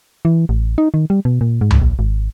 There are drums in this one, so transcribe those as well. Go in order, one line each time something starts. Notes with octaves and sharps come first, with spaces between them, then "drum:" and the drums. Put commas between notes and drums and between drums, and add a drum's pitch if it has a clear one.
E3
A1
D#4
D#3
G3
B2
A#2
G#2
drum: tom C#2
A#1
G#1